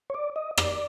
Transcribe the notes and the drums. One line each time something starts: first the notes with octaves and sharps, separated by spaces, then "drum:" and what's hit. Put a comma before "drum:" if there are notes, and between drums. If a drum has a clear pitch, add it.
C#5
D5
D#5
D5, drum: rim click